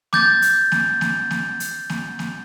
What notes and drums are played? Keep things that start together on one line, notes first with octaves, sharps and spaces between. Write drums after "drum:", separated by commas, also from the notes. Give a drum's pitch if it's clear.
D6 G6 A6, drum: snare A#3
drum: hi-hat
drum: snare A#3
drum: snare A#3
drum: snare A#3
drum: hi-hat
drum: snare A#3
drum: snare A#3